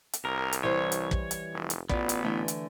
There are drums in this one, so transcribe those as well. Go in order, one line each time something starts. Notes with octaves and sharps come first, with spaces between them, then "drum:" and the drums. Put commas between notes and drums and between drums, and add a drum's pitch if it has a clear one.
drum: hi-hat
C2 A#4
drum: hi-hat
E3 G3 C5 C#5
drum: hi-hat
drum: kick
drum: hi-hat
F1
drum: hi-hat
A1 B3 F4 D5, drum: kick
drum: hi-hat
D3 E3 A3
drum: hi-hat